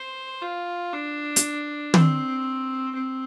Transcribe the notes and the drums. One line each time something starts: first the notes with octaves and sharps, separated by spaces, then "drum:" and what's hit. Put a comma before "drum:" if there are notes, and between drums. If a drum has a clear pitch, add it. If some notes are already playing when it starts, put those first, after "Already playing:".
Already playing: C5
F4
D4
drum: hi-hat
C4, drum: tom
C4